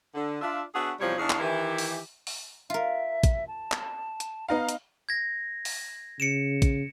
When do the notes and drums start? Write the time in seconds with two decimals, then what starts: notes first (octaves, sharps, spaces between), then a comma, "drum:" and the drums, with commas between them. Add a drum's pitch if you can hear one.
0.14 D3
0.41 D4 F4 E5
0.74 B3 D4 F#4 G#4 C#5 E5
1.00 E2 C3 F3 G3 F#4 C#5
1.17 E2 D4 D#4 G#4 C#5 F5
1.30 drum: clap
1.39 D#3 E3 G4
1.78 drum: open hi-hat
2.27 drum: open hi-hat
2.70 F4 A#4 E5
3.23 drum: kick, hi-hat
3.48 A5
3.72 drum: clap
4.20 drum: hi-hat
4.48 B3 D#4 F5 A#5
4.69 drum: hi-hat
5.09 G#6 A#6
5.65 drum: open hi-hat
6.20 C#3 C#7 D7 E7
6.62 drum: kick, hi-hat